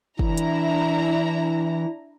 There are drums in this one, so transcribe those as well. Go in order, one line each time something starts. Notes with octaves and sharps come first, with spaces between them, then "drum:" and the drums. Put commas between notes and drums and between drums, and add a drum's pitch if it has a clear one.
E3 D4 E4 A#5, drum: kick
drum: hi-hat